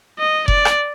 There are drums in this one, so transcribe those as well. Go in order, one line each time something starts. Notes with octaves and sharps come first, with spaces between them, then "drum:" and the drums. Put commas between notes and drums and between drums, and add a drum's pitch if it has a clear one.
D#5
D5, drum: kick F1
drum: rim click